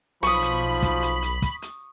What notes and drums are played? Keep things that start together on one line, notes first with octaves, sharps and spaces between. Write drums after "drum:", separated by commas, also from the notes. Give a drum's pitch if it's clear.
B1 F3 B5 C#6 D#6, drum: hi-hat
drum: hi-hat
drum: kick, hi-hat
drum: hi-hat
drum: hi-hat
drum: kick, hi-hat
drum: hi-hat